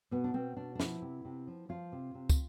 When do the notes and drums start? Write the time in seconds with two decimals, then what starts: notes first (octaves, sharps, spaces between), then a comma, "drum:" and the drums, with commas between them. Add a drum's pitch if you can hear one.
0.11 B2 B3
0.24 D4
0.34 B2 C4
0.57 B2 D4
0.75 D4
0.80 F3 E4, drum: snare
1.02 C3
1.25 C3
1.47 F3
1.69 F3 F4
1.92 C3
2.14 C3
2.30 drum: kick, tambourine